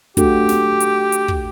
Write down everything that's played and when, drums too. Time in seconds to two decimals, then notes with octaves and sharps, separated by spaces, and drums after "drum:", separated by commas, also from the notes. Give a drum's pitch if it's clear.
0.17 A3 D4 F#4 G4 A4, drum: kick, hi-hat
0.49 drum: snare
0.81 drum: hi-hat
1.12 drum: hi-hat
1.28 drum: kick